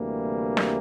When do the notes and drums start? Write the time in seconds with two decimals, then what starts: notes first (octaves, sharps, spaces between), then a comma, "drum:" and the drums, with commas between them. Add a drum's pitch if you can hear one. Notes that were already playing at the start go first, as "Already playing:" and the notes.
Already playing: D2 C3 E3 G3 A#3
0.57 drum: snare